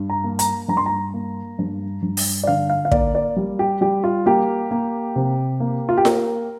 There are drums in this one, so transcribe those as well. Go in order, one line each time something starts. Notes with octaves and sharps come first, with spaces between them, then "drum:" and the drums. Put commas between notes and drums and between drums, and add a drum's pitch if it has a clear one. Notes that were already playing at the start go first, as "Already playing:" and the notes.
Already playing: G2
A#5
A#3
A#5, drum: hi-hat
G2 A#5
C6
A#5
A#3
G2
G2
drum: open hi-hat
D5
D3 F5
F5
F5
A#3 D5, drum: kick
D5
G3
G4
G3 G4
F4
A#3 G4
A#3
C3
A#3
F4
G4
A#3 A#4, drum: snare F4